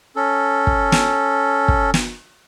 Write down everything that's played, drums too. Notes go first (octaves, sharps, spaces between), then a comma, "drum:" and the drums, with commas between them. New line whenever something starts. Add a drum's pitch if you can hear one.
C#4 A4
drum: kick
drum: snare
drum: kick
drum: snare